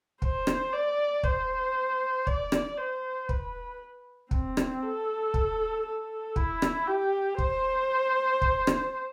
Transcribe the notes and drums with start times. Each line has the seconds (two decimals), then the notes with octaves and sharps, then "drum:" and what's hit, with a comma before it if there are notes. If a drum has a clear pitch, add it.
0.22 C5, drum: kick
0.47 drum: rim click
0.73 D5
1.23 C5, drum: kick
2.27 D5, drum: kick
2.52 drum: rim click
2.78 C5
3.29 B4, drum: kick
4.31 C4, drum: kick
4.57 drum: rim click
4.83 A4
5.34 drum: kick
5.86 A4
6.36 E4, drum: kick
6.62 drum: rim click
6.87 G4
7.38 C5, drum: kick
8.42 drum: kick
8.67 drum: rim click